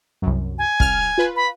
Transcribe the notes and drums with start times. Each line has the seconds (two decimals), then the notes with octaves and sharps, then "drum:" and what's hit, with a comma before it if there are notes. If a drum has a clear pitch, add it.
0.22 C2 F#2
0.58 G#5
0.80 C2 F6, drum: kick
1.18 F4 B4
1.36 B5